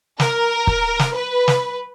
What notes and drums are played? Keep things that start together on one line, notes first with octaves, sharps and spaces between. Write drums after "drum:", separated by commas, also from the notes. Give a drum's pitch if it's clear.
A#4, drum: snare
drum: kick
drum: snare
B4
drum: snare